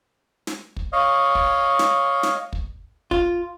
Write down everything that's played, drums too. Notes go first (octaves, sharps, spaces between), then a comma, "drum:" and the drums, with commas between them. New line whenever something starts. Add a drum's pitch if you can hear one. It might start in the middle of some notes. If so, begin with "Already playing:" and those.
drum: snare
drum: kick
C#5 D#5 F5
drum: kick
drum: snare
drum: snare
drum: kick
F4, drum: kick